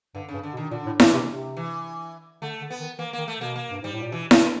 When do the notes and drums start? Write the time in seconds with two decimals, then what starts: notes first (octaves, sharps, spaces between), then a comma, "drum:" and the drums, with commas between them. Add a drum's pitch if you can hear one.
0.15 G2 D3
0.29 G2 C#3
0.43 D3
0.53 B2
0.57 D#3
0.71 A#2 D3
0.86 A2
1.00 A2 E3, drum: snare E4
1.14 C3
1.29 C3
1.57 E3
2.42 D3 A3
2.61 D3
2.70 B3
2.80 D#3
2.98 E3 A#3
3.13 D#3 A#3
3.28 A3
3.37 B2 A#3
3.56 A#3
3.71 G2
3.81 G#2 G3
3.92 A2
4.02 A#2
4.12 B2 E3
4.31 B2 D3, drum: snare E4